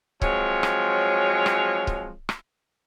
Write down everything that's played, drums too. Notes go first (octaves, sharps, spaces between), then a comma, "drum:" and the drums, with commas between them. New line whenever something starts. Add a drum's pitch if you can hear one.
F3 F#3 G#3 C4 C#5, drum: kick C#1
drum: rim click
drum: rim click
drum: kick C#1
drum: rim click